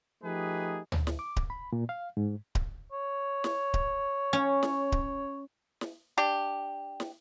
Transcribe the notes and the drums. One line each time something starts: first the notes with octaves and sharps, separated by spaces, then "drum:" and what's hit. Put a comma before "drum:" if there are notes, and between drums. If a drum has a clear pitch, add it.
F3 A3 D#4 G4 G#4 B4
drum: tom
drum: snare
D6
drum: kick D1
B5
A#2
F5
G#2
drum: kick D1
C#5
drum: snare
drum: kick D1
C#4
drum: snare
drum: kick D1
drum: snare
D4 G4
drum: snare